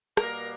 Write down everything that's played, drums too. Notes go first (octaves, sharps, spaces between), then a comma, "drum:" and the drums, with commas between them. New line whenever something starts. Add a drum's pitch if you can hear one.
B2 G3 A#3 A#4, drum: rim click